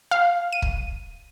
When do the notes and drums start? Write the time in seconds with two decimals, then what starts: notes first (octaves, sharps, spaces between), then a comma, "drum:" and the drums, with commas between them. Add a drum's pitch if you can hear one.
0.11 F5
0.53 D#7
0.62 drum: kick